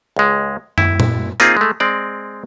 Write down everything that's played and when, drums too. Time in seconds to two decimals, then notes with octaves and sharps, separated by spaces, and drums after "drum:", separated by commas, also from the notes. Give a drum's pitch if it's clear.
0.16 C#2 G#3
0.78 E4, drum: tom
1.00 drum: tom A#2
1.40 A#3 C4 D#4 F4 G#4, drum: hi-hat
1.57 G#3 A3
1.80 G#3 C4 D5